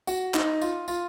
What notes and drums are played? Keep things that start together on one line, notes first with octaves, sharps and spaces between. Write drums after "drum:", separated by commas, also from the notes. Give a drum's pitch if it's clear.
F#4, drum: tambourine
D#4, drum: clap
F4, drum: tambourine
F4, drum: tambourine